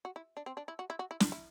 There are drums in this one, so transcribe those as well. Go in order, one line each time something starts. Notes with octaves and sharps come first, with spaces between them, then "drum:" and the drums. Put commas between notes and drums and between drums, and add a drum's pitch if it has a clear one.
F#4
E4
D4
C4
D4
E4
F#4
E4
F#4
E4
D4, drum: snare
E4